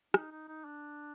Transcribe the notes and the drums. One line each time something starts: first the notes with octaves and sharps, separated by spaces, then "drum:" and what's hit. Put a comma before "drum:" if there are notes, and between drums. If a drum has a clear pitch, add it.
D#4, drum: rim click
D#4
D#4
D4